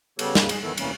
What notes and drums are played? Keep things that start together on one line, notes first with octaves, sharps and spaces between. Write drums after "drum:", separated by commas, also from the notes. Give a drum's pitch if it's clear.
C#3 G3 B3 G4 A4 C#5, drum: cymbal
D#2 G#2 C#3 G3 A#3, drum: snare
G#4, drum: cymbal
D#3 E3 B3 E4 A4
D2 C3 E3 G3 A#3 C#4, drum: cymbal